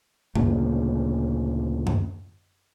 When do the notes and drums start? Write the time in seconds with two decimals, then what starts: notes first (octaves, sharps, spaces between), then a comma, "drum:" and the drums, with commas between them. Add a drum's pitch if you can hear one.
0.35 D2 A#2 C#3, drum: tom F#2
1.87 drum: tom F#2